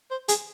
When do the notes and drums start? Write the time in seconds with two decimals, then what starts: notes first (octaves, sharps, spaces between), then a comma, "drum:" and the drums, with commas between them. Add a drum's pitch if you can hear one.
0.11 C5
0.28 G#4, drum: hi-hat